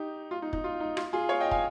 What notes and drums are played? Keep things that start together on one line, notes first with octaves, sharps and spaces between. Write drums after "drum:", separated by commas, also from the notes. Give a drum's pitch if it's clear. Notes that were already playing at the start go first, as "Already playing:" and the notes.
Already playing: D#4 G4
F4
D#4
D#4, drum: kick
F4
D#4
F4, drum: rim click
F4 G#4
C#5 F5
D#5 G5
F5 G#5, drum: kick